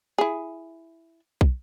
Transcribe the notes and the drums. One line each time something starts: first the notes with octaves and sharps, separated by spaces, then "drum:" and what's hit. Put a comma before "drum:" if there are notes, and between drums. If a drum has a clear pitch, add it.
E4 G#4
drum: kick